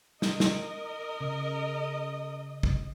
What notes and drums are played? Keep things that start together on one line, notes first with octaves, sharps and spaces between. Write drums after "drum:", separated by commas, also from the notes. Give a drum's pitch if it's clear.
A#4 D#5, drum: snare
drum: snare
C#3
drum: kick